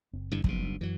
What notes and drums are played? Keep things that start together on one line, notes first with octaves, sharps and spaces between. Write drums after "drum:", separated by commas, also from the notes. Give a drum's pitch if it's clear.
F#1 C4
G2 D3 E3
F#1 B1 B2 F3 F#3, drum: kick
G3 D4
F#2 E3 F#3